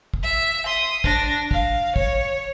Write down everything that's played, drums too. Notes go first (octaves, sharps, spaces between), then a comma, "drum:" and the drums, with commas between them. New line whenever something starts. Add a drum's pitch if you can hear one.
drum: kick
E5
C6 D#6
D4 A#6, drum: kick
F5, drum: kick
C#5, drum: kick